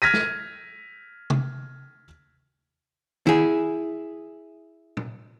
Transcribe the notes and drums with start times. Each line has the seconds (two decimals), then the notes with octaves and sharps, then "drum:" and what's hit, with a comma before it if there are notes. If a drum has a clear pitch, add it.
0.02 F6 G#6 A#6 B6 D#7
0.14 drum: snare
1.30 drum: tom C3
3.27 E4 G#4, drum: tom D#3
4.97 drum: tom